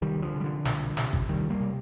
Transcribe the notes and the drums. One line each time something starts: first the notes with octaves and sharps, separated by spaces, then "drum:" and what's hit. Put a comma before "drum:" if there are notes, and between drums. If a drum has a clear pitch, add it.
C2 D#3 G3
D3 F3
C3
G3
D3 F3
C2, drum: snare
C3, drum: snare
drum: kick
C2 D#3 G3
G3 A#3
C3